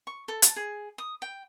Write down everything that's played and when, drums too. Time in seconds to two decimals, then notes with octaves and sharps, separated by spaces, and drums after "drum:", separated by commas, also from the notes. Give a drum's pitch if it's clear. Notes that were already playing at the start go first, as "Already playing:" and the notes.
0.07 C#6
0.28 A4
0.42 A5, drum: hi-hat
0.56 G#4
0.98 D#6
1.22 G5